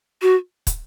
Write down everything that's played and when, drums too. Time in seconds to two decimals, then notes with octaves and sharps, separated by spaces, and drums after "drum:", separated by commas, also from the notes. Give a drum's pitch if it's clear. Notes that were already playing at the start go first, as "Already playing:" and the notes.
0.22 F#4
0.67 drum: kick, hi-hat